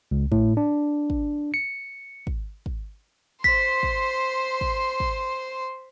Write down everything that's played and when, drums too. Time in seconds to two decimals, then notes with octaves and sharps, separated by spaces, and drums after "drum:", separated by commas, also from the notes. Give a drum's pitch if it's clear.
0.11 C#2
0.32 A2, drum: kick
0.57 D4
1.10 drum: kick
1.54 C#7
2.27 drum: kick
2.66 drum: kick
3.44 C5 C6 B6, drum: kick
3.83 drum: kick
4.61 drum: kick
5.00 drum: kick